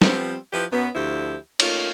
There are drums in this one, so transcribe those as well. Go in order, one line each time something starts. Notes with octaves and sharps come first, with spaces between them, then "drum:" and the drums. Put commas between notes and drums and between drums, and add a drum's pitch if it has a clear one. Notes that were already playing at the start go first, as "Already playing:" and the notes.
F3 G3 B3 C4, drum: snare
F3 E4 G4 B4
F#2 B3
D2 D3 F3 E4 G4
A3 A#3 C#4 D#4 F4, drum: cymbal